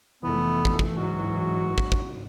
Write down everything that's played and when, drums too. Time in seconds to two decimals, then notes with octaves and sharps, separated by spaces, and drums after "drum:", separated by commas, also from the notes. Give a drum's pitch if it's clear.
0.23 F1 E3 A3 B3
0.65 drum: kick
0.79 drum: kick
0.96 G#2 F#3 F#4
1.78 drum: kick
1.92 drum: kick